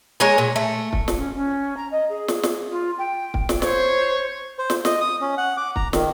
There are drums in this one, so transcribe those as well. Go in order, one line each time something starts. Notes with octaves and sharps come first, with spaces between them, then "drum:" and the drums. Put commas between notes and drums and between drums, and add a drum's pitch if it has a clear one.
G#3 A#4 C#5 G#5
A#2
A3
drum: kick
drum: snare
C#4
C#4
A#5
D#5
G#4
drum: snare
drum: snare
F4
G5
drum: kick
drum: snare
C5 C#5, drum: snare
C5
drum: snare
D#5, drum: snare
D#6
C#4
F#5
D6
A#5, drum: kick
D#3, drum: snare